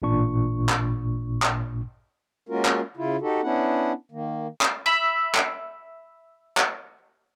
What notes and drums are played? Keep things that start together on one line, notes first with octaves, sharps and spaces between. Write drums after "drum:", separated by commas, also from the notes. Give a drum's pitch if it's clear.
A1 A#2 D4 C#6
drum: clap
drum: clap
G#3 A#3 C#4 F4 F#4 A#4
drum: clap
C#3 E4 F4
D#4 F#4 G4 A4
B3 C#4 D4 E4 F#5
D#3 A#3
drum: clap
E5 B5
drum: clap
drum: clap